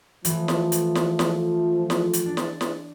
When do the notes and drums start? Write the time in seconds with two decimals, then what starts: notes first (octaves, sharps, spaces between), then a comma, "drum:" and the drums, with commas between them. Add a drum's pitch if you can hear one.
0.25 E3 F3 A3, drum: hi-hat
0.48 drum: snare
0.72 drum: hi-hat
0.95 drum: snare
1.19 drum: snare
1.90 drum: snare
2.13 drum: hi-hat
2.26 D4
2.37 drum: snare
2.61 drum: snare